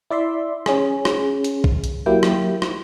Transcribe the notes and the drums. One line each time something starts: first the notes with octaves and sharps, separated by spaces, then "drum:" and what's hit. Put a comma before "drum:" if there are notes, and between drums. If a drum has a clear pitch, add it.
E4 D5 E5 C6
C#4 G#4, drum: rim click
drum: rim click
drum: hi-hat
drum: kick
drum: hi-hat
F#3 A#3 E4 G4 G5
drum: rim click
drum: rim click